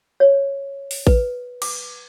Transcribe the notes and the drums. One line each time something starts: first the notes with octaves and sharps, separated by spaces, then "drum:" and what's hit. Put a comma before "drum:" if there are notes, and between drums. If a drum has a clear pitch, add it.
C#5
drum: open hi-hat
B4, drum: kick A1
D6, drum: cymbal